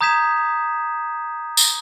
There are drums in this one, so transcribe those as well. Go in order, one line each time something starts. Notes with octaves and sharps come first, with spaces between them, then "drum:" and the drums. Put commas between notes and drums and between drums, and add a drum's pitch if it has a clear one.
A#5 D#6 G6 G#6 B6 E7
drum: tambourine